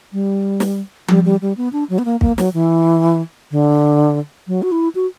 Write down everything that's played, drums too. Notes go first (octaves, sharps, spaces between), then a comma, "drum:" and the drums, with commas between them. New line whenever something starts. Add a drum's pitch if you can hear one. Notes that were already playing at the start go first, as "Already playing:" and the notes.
G3
drum: snare
G3, drum: tom F3
G3
G3
B3
D4
F#3
B3
A#3
A#3, drum: kick
F#3, drum: snare
E3
D3
F#3
F#4
E4
F#4